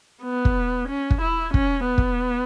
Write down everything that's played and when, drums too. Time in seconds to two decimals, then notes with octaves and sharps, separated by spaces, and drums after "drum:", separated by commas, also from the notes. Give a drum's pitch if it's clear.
0.23 B3
0.45 drum: kick
0.88 C#4
1.10 drum: kick
1.21 E4
1.54 C#4, drum: kick
1.86 B3
1.98 drum: kick